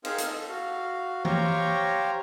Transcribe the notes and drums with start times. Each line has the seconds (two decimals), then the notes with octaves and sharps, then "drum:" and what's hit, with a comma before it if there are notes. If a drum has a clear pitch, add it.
0.05 C4 D#4 G#4 A#4 C5 F5, drum: cymbal
0.18 drum: hi-hat
0.27 A4
0.48 F#4 F5
1.25 G4 C5 C#5 F5 G5 A#5, drum: tom E3